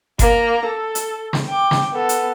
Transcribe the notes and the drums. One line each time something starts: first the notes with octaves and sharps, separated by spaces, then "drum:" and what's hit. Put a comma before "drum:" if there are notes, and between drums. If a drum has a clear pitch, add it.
A#3 A#5, drum: kick G1, hi-hat
A4
drum: hi-hat
drum: snare
G5 D6
drum: snare
B3 A4
drum: hi-hat